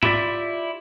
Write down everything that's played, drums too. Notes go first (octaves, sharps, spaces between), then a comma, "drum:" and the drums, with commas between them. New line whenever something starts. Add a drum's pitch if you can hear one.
E4 F4 G4 A4 D5 E5, drum: tom